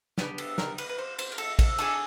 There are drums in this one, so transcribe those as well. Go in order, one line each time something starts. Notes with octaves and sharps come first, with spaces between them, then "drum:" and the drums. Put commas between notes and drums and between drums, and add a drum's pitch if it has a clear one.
B3 D4 G4, drum: snare
A4, drum: cymbal
A#4, drum: snare
B4, drum: cymbal
B4
C5
C5, drum: cymbal
A#4
A4, drum: cymbal
A4, drum: kick, cymbal
D4 F4 G#4 A4, drum: cymbal